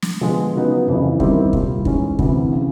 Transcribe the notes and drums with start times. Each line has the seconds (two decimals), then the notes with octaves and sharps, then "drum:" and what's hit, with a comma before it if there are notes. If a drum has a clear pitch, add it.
0.02 drum: snare
0.21 D3 F3 G#3 B3
0.54 C#3 F#3 B3 D#4
0.87 F#1 F2 C#3 E3
1.20 F#2 D#3 G3 C4 E4, drum: kick
1.53 C2 A#2 G3, drum: kick
1.85 G#2 E3 G#3 C#4, drum: kick
2.19 D2 C3 E3, drum: kick
2.53 C#3